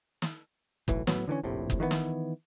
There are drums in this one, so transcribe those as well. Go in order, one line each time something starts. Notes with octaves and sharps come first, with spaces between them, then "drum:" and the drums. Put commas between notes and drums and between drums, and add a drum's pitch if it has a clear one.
drum: snare
B1 A2 E3, drum: kick F#1
A2 F#3 B3, drum: snare
D3 E3 A3 C#4
F1 A#1 A2 C3
drum: kick F#1
D#3 E3 G3 B3
drum: snare